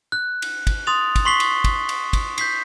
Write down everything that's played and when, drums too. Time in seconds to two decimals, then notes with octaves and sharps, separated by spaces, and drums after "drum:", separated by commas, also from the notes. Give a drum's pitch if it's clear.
0.12 F#6
0.42 drum: cymbal
0.67 drum: kick, cymbal
0.87 C6 D#6 A6 F7
1.16 drum: kick, cymbal
1.25 C6 C#6 B6 C7 F#7 G7
1.40 drum: cymbal
1.64 drum: kick, cymbal
1.89 drum: cymbal
2.13 drum: kick, cymbal
2.38 G6 B6 C7, drum: cymbal